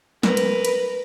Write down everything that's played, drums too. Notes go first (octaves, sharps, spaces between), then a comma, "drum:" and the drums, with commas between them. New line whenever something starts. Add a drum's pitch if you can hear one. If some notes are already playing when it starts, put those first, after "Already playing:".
A#4 B4, drum: snare
drum: cymbal
drum: cymbal